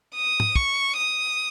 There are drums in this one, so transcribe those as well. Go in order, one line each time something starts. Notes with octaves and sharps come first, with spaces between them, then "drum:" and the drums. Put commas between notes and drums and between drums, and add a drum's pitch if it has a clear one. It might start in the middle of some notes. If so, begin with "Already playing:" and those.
D#6
drum: tom
C#6, drum: kick
D#6